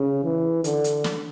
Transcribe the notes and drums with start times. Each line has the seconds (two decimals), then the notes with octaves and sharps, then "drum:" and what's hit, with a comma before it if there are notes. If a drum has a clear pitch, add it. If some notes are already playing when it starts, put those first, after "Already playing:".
Already playing: C#3
0.24 E3
0.64 D3, drum: hi-hat
0.84 drum: hi-hat
1.04 drum: snare